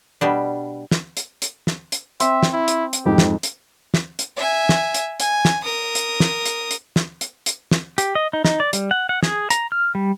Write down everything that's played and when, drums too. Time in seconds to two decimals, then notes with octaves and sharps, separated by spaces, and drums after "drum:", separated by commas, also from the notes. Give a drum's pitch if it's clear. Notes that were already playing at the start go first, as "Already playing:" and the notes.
0.21 B2 G3 D4
0.91 drum: snare
1.17 drum: hi-hat
1.42 drum: hi-hat
1.67 drum: snare
1.92 drum: hi-hat
2.20 C4 E5, drum: hi-hat
2.43 drum: snare
2.53 E4
2.68 drum: hi-hat
2.93 drum: hi-hat
3.06 F2 G#2 G4
3.18 drum: snare
3.43 drum: hi-hat
3.94 drum: snare
4.19 drum: hi-hat
4.36 E5 G#5
4.69 drum: snare
4.94 drum: hi-hat
5.20 G#5, drum: hi-hat
5.45 drum: snare
5.64 A#4 D#6
5.95 drum: hi-hat
6.20 drum: snare
6.46 drum: hi-hat
6.71 drum: hi-hat
6.96 drum: snare
7.21 drum: hi-hat
7.46 drum: hi-hat
7.71 drum: snare
7.98 G4, drum: hi-hat
8.15 D#5
8.33 D#4
8.45 D#4, drum: snare
8.60 D5
8.73 G3, drum: hi-hat
8.91 F#5
9.09 F#5
9.23 G#4, drum: snare
9.50 A#5, drum: hi-hat
9.72 F6
9.95 G3